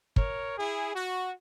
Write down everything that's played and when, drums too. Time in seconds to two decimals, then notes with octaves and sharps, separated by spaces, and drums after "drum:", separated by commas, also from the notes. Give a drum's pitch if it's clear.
0.16 A#4 C#5, drum: kick
0.57 E4 G#4
0.95 F#4